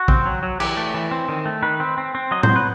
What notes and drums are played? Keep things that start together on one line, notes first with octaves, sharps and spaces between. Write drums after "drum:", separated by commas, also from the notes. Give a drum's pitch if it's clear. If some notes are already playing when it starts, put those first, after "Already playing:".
Already playing: F#4
C4, drum: kick
F#3
F#3
E3 G4, drum: cymbal
A3
E3
C4
D#3
A3
D#3 B4
C4
C4
C4
F#3 D#5
C5, drum: tom
F#3
B4